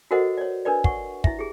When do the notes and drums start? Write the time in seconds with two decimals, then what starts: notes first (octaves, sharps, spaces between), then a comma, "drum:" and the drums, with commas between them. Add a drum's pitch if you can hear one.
0.11 F#4 A4 A#4 C5 D#5 F#5
0.38 C#5 D5
0.65 D4 A#4 B4 D5
0.84 F#5 C#6, drum: kick
1.24 E4 E5, drum: kick
1.39 G4 G#4